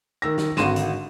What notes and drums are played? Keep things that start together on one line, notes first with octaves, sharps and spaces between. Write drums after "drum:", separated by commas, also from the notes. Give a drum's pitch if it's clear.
D#3 E6 A#6
drum: snare
G#1 D3 F#4 C6 D#7 E7, drum: snare
drum: hi-hat